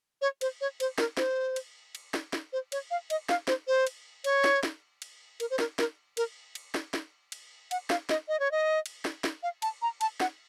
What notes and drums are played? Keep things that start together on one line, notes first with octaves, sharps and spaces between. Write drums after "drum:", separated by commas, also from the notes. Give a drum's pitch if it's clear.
C#5
C5, drum: cymbal
C#5
C5, drum: cymbal
A#4, drum: snare
C5, drum: snare
drum: cymbal
drum: cymbal
drum: snare
drum: snare
C5
C#5, drum: cymbal
F5
D#5, drum: cymbal
F5, drum: snare
C5, drum: snare
C5
drum: cymbal
C#5, drum: cymbal
drum: snare
drum: snare
drum: cymbal
A#4, drum: cymbal
C5
A#4, drum: snare
A#4, drum: snare
A#4, drum: cymbal
drum: cymbal
drum: snare
drum: snare
drum: cymbal
F#5, drum: cymbal
F5, drum: snare
D#5, drum: snare
D#5
C#5
D#5
drum: cymbal
drum: snare
drum: snare
F5
A5, drum: cymbal
A#5
A5, drum: cymbal
F#5, drum: snare